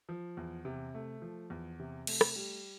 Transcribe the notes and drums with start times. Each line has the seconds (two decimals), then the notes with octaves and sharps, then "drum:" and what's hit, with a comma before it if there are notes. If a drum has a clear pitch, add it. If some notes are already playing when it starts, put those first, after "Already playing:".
0.09 F3
0.37 E2
0.65 C3
0.95 A3
1.22 F3
1.50 E2
1.80 C3
2.07 A3, drum: cymbal
2.21 drum: rim click
2.36 G3